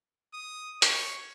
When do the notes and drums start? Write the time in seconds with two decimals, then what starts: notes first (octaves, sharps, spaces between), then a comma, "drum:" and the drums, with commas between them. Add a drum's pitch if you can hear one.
0.34 D#6
0.82 C#5, drum: hi-hat